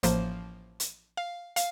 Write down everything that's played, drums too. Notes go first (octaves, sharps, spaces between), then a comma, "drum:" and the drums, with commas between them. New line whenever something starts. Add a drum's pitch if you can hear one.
A1 A2 F3 A#3 C5, drum: hi-hat
drum: hi-hat
F5
F5, drum: hi-hat